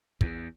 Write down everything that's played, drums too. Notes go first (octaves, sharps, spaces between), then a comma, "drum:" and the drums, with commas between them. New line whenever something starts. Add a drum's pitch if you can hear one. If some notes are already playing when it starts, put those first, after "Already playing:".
E2, drum: kick